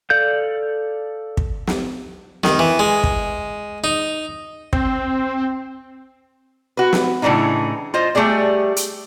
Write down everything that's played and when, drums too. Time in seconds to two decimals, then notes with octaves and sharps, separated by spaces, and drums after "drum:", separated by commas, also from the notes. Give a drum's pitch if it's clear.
0.10 A4 D5 F5 G6
1.37 drum: kick
1.67 drum: snare
2.44 D#3, drum: snare
2.59 E3
2.79 G#3
3.04 drum: kick
3.84 D#4
4.73 C4, drum: kick
6.77 F#4 B4
6.93 B4, drum: snare
7.22 A2 C#3 E3 D4 D#4
7.94 F4 C5 D#5
8.15 G3 A3 G4 G#4 D5
8.76 drum: hi-hat